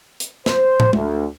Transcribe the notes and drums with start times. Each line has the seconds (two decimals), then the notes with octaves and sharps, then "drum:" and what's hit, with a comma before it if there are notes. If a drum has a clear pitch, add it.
0.20 drum: hi-hat
0.46 C5, drum: snare
0.80 drum: tom
0.93 D2, drum: tom